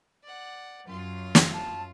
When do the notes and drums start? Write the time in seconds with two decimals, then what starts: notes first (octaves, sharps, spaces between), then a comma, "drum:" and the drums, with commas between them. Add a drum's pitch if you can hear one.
0.24 D5 F#5
0.88 F#2 F4 C6
1.35 drum: snare
1.53 A5